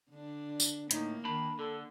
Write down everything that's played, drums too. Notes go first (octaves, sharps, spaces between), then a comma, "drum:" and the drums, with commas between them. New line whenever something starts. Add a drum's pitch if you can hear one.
D3 D4
drum: tambourine
A2 A#3 D#4, drum: hi-hat
D#3 D4 B5
D3 A4